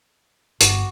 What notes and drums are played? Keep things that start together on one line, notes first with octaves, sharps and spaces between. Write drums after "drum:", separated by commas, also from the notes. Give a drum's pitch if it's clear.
G1 F#4 C#6 D6, drum: hi-hat